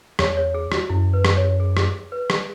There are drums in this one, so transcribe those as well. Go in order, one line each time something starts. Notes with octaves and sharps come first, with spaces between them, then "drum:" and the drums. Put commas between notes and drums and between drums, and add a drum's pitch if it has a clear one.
E2 C#5, drum: rim click
C#5
G#4
F#4, drum: rim click
F#2 E4
B4
drum: rim click
C#5
G#4
G#4, drum: rim click
B4
drum: rim click